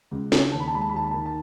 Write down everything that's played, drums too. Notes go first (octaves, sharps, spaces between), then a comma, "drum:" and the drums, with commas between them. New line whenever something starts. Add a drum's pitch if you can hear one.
C#2
C#3, drum: snare
D#2 A5
B5
A5
G#3 B5
A5
B5
D#2 A5
B5
D#3 A5
A5